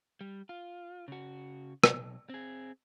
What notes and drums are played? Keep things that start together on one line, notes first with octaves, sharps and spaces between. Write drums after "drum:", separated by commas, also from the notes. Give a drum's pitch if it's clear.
G3
F4
C#3 F#4
B1, drum: rim click
C4 G#4